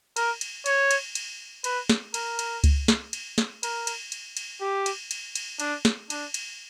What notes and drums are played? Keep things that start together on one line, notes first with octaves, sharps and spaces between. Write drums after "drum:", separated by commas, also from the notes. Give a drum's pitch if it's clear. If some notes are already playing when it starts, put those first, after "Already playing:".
A#4, drum: cymbal
drum: cymbal
C#5, drum: cymbal
drum: cymbal
drum: cymbal
B4, drum: cymbal
drum: snare
A#4, drum: cymbal
drum: cymbal
drum: kick C#2, cymbal
drum: snare
drum: cymbal
drum: snare
A#4, drum: cymbal
drum: cymbal
drum: cymbal
drum: cymbal
G4
drum: cymbal
drum: cymbal
drum: cymbal
D4, drum: cymbal
drum: snare
D4, drum: cymbal
drum: cymbal